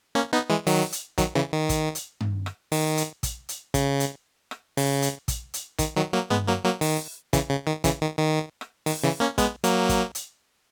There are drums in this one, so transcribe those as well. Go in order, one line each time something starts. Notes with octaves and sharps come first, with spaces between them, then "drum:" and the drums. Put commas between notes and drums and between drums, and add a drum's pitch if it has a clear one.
A#3 C#4
B3 D#4
E3 G#3
D#3 F#3, drum: open hi-hat
drum: hi-hat
D#3 F#3, drum: kick, hi-hat
C#3 E3
D#3
drum: kick, hi-hat
drum: hi-hat
drum: tom G2
drum: rim click
D#3, drum: open hi-hat
drum: hi-hat
drum: kick, hi-hat
drum: hi-hat
C#3, drum: kick, hi-hat
drum: hi-hat
drum: rim click
C#3, drum: open hi-hat
drum: hi-hat
drum: kick, hi-hat
drum: hi-hat
D#3, drum: kick, hi-hat
D#3 F#3
F#3 A#3
G#3 B3, drum: tom G2
F#3 A#3
F#3 A#3
D#3, drum: open hi-hat
C#3 E3, drum: kick, hi-hat
C#3
D#3
C#3 E3, drum: kick, hi-hat
D#3
D#3
drum: rim click
D#3, drum: open hi-hat
C#3 E3
A#3 C#4
G#3 B3, drum: kick, hi-hat
F#3 A#3, drum: hi-hat
drum: kick, hi-hat
drum: hi-hat